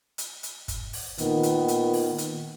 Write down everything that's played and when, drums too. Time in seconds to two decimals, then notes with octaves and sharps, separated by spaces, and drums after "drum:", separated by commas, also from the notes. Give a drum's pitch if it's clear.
0.18 drum: hi-hat
0.43 drum: hi-hat
0.68 drum: kick, hi-hat
0.93 drum: open hi-hat
1.18 A#2 D#3 B3, drum: hi-hat
1.43 drum: hi-hat
1.68 drum: hi-hat
1.93 drum: open hi-hat
2.18 drum: hi-hat